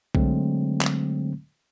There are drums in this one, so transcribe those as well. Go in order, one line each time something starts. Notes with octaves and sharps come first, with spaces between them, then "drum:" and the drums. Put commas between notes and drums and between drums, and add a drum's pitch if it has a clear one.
D3 F#3 G#3 A3 C4, drum: kick B1
drum: clap